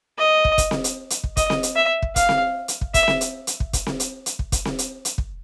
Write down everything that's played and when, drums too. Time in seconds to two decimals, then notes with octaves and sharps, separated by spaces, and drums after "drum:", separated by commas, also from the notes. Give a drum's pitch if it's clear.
0.19 D#5
0.45 drum: kick
0.58 drum: kick, hi-hat
0.71 drum: snare C4
0.84 drum: hi-hat
1.10 drum: hi-hat
1.24 drum: kick
1.37 D#5, drum: kick, hi-hat
1.50 drum: snare C4
1.63 drum: hi-hat
1.76 E5
2.02 drum: kick
2.16 F5, drum: kick, hi-hat
2.29 drum: snare C4
2.68 drum: hi-hat
2.81 drum: kick
2.94 E5, drum: kick, hi-hat
3.08 drum: snare C4
3.21 drum: hi-hat
3.47 drum: hi-hat
3.60 drum: kick
3.73 drum: kick, hi-hat
3.86 drum: snare C4
4.00 drum: hi-hat
4.26 drum: hi-hat
4.39 drum: kick
4.52 drum: kick, hi-hat
4.65 drum: snare C4
4.79 drum: hi-hat
5.05 drum: hi-hat
5.18 drum: kick